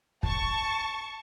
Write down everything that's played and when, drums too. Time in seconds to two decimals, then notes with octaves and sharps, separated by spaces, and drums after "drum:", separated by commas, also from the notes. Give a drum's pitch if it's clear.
0.23 A5 C#6, drum: kick